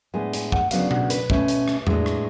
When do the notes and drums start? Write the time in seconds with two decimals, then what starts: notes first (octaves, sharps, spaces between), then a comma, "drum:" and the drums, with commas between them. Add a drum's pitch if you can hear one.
0.14 A2 G#3 B3 D4 G#5
0.33 G#5, drum: hi-hat
0.52 F#5, drum: kick
0.71 D2 C#3 F#3 B3 D4 F5, drum: hi-hat
0.91 F#5, drum: tom B2
1.10 B4, drum: hi-hat
1.30 B2 A3 C#4, drum: kick
1.48 drum: hi-hat
1.68 drum: rim click
1.87 A2 G#3 D4, drum: tom E2
2.06 drum: rim click